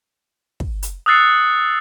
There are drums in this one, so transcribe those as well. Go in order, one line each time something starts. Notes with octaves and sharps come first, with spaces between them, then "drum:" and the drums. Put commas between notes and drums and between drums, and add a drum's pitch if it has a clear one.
drum: kick
drum: hi-hat
D#6 E6 F#6 A6 C7 C#7